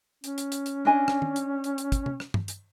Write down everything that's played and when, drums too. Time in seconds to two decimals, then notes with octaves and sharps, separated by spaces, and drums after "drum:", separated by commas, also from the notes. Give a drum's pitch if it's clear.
0.24 C#4, drum: hi-hat
0.38 drum: hi-hat
0.52 drum: hi-hat
0.66 drum: hi-hat
0.85 D4 D#5 G#5
1.08 drum: rim click
1.22 drum: tom D#3
1.36 drum: hi-hat
1.64 drum: hi-hat
1.78 drum: hi-hat
1.92 drum: kick, hi-hat
2.06 drum: tom
2.20 drum: rim click
2.34 drum: tom G2
2.48 drum: hi-hat